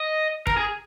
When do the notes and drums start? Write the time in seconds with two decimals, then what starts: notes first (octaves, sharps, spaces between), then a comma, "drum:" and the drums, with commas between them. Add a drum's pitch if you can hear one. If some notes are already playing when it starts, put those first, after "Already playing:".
Already playing: D#5
0.47 A#4, drum: kick
0.57 G#4